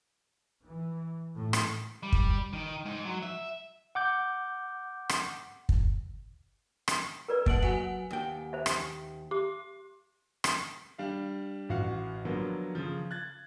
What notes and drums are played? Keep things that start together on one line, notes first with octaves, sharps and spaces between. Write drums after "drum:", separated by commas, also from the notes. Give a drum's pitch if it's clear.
E3
A2
drum: rim click
G3
drum: kick
D#3
G#2
F#3
E5
F#5 D6 G6
drum: rim click
drum: kick
drum: rim click
A#4 B4 D5
A3 A#3 F#5 D7 F#7, drum: kick
F#3 F#5 G#5
D#2 G5
C5 E5
drum: rim click
G4 D6
drum: rim click
G3 D4 F5
A1 F#4 F5 F#5
D3 F3 F#3 A#3 B3
C#3 F3
F#6 G#6 A6